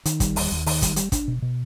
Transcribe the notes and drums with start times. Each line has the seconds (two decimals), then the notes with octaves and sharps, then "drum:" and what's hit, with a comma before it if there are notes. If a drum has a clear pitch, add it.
0.06 D#3, drum: hi-hat
0.20 G3, drum: kick, hi-hat
0.36 D#2, drum: open hi-hat
0.52 D#2
0.66 D#3, drum: open hi-hat
0.82 G3, drum: kick, hi-hat
0.96 G3, drum: hi-hat
1.12 D4, drum: kick, hi-hat
1.28 B2
1.42 B2